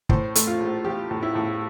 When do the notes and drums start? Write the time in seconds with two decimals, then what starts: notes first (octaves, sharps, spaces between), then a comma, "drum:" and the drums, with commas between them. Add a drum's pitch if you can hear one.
0.09 A2 C5, drum: kick
0.35 A3, drum: hi-hat
0.47 F4
0.60 A#1
0.85 F3 G4
1.11 A2
1.23 E4
1.35 A2